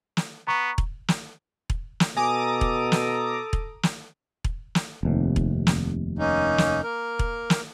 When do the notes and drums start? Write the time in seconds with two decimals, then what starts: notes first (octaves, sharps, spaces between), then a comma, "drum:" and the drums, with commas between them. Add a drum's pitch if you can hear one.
0.17 drum: snare
0.47 B3 A#5 C#6
0.78 drum: kick E1
1.08 drum: snare
1.70 drum: kick E1
2.00 drum: snare
2.17 B2 A4 G#5 A#5 D6 D#6
2.61 drum: kick E1
2.92 drum: snare
3.53 drum: kick E1
3.83 drum: snare
4.44 drum: kick E1
4.75 drum: snare
5.03 F1 D#2 C3
5.36 drum: kick E1
5.67 drum: snare
6.19 A#3 C#4 D#4
6.58 drum: snare
6.83 A#3 A#4
7.19 drum: kick E1
7.50 drum: snare